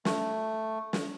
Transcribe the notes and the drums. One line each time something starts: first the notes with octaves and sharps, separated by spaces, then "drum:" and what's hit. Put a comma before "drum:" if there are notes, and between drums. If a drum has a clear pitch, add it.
A3, drum: snare
drum: snare